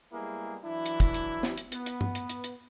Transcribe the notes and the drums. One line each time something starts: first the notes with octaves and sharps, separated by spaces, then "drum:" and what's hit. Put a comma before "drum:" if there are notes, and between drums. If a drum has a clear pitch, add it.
G3 G#3 A#3 B3 E4 G#4
E3 F#3 D4 E4
drum: hi-hat
drum: kick, hi-hat
drum: hi-hat
drum: snare
drum: hi-hat
B3, drum: hi-hat
drum: hi-hat
drum: tom
drum: hi-hat
drum: hi-hat
drum: hi-hat